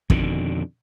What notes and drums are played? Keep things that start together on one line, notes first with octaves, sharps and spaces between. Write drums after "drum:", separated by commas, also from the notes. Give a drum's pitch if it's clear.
F2 B2 D3 D#3, drum: kick